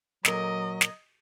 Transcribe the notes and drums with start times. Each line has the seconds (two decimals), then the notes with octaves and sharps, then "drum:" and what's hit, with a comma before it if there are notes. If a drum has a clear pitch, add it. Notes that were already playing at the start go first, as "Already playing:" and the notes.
0.25 A#2 F#3 A#4 D#5, drum: snare
0.81 drum: snare